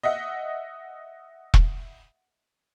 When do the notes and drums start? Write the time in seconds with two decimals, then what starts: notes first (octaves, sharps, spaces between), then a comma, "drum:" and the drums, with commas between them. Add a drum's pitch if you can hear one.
0.03 D#5 E5 F#5
1.54 drum: kick E1